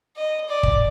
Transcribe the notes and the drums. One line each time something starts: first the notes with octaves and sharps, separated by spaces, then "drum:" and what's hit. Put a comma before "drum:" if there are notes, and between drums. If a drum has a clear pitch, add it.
D#5
D5
drum: kick